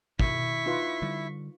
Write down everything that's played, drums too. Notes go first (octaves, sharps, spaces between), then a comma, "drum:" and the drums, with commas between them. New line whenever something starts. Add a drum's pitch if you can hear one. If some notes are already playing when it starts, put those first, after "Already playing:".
B2 D#3 E4 C#6 B6, drum: kick
D#4 F4 B4
D3 G3